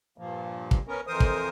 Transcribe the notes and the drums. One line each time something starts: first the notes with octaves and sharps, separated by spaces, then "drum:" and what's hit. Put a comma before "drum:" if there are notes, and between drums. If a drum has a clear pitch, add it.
G2 A#2 F3 A#3
drum: kick
B3 C#4 A#4
F2 E3 A#4 C5 D#6
drum: kick